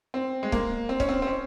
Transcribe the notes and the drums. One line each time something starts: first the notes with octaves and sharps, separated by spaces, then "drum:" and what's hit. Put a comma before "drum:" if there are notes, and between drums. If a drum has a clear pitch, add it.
C4
G#3
A#3, drum: kick
C4
C#4, drum: kick
C4
C4
C#4